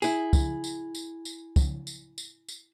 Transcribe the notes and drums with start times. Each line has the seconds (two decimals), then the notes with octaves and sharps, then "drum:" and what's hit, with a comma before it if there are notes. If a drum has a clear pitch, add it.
0.02 E4 G#4, drum: tambourine
0.33 drum: kick, tambourine
0.64 drum: tambourine
0.95 drum: tambourine
1.25 drum: tambourine
1.56 drum: kick, tambourine
1.87 drum: tambourine
2.18 drum: tambourine
2.48 drum: tambourine